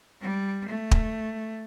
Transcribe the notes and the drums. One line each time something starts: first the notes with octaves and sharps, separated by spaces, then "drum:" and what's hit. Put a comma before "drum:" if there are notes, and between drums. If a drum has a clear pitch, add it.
G3
A3
drum: kick